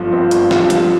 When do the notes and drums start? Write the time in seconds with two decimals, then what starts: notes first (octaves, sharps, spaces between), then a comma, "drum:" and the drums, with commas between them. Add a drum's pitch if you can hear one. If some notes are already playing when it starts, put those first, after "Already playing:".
Already playing: G1 G2 F3
0.12 C4
0.31 G1, drum: hi-hat
0.51 G2, drum: snare
0.70 F3, drum: hi-hat